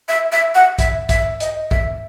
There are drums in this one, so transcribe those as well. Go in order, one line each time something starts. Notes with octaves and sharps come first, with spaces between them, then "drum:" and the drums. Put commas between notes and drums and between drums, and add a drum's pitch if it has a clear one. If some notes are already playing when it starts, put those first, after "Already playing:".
E5
E5
F#5
E5, drum: kick, hi-hat
E5, drum: kick, hi-hat
D#5, drum: hi-hat
E5, drum: kick